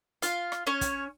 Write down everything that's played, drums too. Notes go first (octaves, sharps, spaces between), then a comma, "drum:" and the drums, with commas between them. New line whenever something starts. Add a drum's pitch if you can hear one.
F4 F5, drum: hi-hat
drum: rim click
C#4 C#5
drum: kick, hi-hat